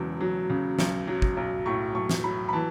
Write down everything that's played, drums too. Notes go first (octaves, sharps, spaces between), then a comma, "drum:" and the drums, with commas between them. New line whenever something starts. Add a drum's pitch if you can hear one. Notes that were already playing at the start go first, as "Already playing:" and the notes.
Already playing: E1 E2 C#3 F#3
F#3
C#3
B1, drum: snare
F#3
drum: kick
B1
A2 C#6
B1 C#6
drum: snare
F#3 B5
B5
E3 A5